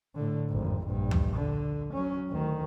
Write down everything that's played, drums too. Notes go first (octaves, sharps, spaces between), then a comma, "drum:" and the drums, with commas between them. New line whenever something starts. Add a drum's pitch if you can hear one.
A2 D3
G#1 F2
A#1 G2
drum: tom D2
D3
F#3 C#4
D2 D#3